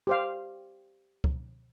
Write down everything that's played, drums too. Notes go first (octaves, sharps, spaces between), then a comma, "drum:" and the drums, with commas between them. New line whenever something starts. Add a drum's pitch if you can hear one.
G4 C5 F5
drum: kick C#2